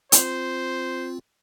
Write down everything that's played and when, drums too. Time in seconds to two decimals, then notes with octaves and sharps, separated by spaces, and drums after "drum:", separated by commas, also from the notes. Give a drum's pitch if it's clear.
0.12 C4 F4 C5, drum: hi-hat